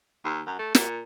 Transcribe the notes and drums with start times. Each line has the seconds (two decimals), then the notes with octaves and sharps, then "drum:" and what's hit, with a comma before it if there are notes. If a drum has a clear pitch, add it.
0.24 D#2
0.47 F#2
0.59 A3
0.75 A#2, drum: snare